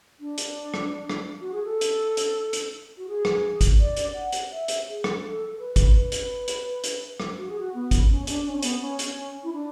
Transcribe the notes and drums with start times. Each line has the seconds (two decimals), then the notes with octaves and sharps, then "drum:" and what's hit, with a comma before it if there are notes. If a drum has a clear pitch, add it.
0.19 D4
0.38 drum: hi-hat
0.74 drum: rim click
1.10 drum: rim click
1.41 F#4
1.52 G#4
1.64 A4
1.81 drum: hi-hat
2.17 drum: hi-hat
2.53 drum: hi-hat
2.97 F#4
3.07 G#4
3.25 drum: rim click
3.61 drum: kick G#1, hi-hat
3.79 D5
3.97 drum: hi-hat
4.14 F#5
4.32 drum: hi-hat
4.51 E5
4.68 drum: hi-hat
4.87 G#4
5.04 drum: rim click
5.23 A4
5.48 A4
5.58 B4
5.76 drum: kick G#1, hi-hat
5.94 B4
6.12 drum: hi-hat
6.48 drum: hi-hat
6.84 drum: hi-hat
7.20 drum: rim click
7.37 F#4
7.49 G#4
7.59 F#4
7.74 B3
7.91 drum: kick G#1, hi-hat
8.09 C#4
8.27 D4, drum: hi-hat
8.46 C#4
8.56 C#4
8.63 B3, drum: hi-hat
8.81 C#4
8.99 drum: hi-hat
9.43 E4
9.53 D4